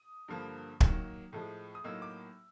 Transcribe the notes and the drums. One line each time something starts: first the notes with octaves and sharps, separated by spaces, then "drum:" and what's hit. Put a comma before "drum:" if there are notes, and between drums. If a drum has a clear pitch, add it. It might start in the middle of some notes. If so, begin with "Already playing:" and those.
Already playing: D#6
G2 D3 F3 A#3
D#3 F#3 A#3, drum: kick
A2 F3 G#3
D#6
A2 F#3 A#3 D#4 E6
D6